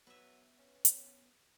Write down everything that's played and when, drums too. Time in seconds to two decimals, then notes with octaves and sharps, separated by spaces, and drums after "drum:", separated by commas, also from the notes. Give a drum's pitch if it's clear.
0.07 F#3 B3 B4 E5
0.58 C#4
0.85 drum: hi-hat